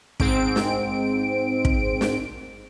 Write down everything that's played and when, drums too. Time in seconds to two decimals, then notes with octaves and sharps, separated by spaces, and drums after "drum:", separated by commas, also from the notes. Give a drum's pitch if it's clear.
0.20 G#2 C4 D7, drum: kick
0.56 drum: snare
1.65 drum: kick
2.01 drum: snare